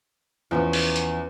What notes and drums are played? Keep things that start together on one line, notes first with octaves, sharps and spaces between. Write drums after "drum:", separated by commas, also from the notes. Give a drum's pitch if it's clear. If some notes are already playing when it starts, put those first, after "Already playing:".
E2 F3 B3 C#4
drum: open hi-hat
drum: hi-hat